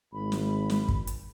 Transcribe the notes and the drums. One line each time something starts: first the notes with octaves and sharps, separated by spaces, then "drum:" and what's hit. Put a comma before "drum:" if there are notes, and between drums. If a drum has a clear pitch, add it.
G#1 B5
drum: snare
drum: snare
drum: kick
drum: hi-hat